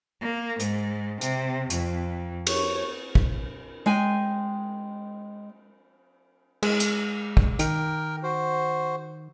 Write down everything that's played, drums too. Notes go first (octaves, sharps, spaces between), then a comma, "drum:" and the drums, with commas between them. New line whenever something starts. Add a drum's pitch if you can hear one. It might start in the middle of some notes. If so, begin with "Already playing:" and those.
A#3
G#2, drum: hi-hat
C3, drum: hi-hat
F2, drum: hi-hat
C#5, drum: cymbal
drum: kick
G#3 G5 G#5
G#3, drum: cymbal
drum: hi-hat
drum: kick
D#3 A#4 G5, drum: hi-hat
F#4 C5